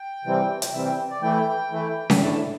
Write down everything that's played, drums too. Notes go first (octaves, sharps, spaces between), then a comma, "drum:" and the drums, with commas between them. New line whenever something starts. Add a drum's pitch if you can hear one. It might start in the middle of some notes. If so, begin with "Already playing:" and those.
Already playing: G5
C3 E3 G3 C4
drum: hi-hat
C3 E3 G3 C4 E5
G5
D5
E3 A3 E4 G5
E3 A3 E4
drum: snare C#4
A2 E3 A3 D4 A5